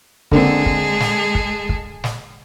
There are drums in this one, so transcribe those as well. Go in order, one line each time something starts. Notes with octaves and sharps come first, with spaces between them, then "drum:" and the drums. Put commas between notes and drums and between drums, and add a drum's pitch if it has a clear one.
D3 G#3 A#3 C4 G#4 A4, drum: kick
drum: kick
drum: snare
drum: kick
drum: kick
drum: snare